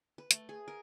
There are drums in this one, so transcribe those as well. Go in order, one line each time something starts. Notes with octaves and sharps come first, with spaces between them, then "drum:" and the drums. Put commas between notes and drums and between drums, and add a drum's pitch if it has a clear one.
B4
A3, drum: hi-hat
G#4
A#4